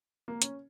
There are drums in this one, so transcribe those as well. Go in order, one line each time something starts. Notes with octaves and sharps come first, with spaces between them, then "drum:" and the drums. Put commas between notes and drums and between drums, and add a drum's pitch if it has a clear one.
A#3
C#4, drum: hi-hat